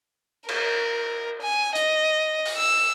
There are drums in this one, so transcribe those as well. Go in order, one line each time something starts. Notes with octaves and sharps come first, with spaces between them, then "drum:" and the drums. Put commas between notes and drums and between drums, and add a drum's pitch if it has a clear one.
A#4, drum: cymbal
G#5
D#5, drum: hi-hat
drum: open hi-hat
E6